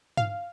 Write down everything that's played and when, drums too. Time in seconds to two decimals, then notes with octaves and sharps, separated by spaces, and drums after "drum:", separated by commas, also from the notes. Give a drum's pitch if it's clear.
0.17 F5, drum: tom G2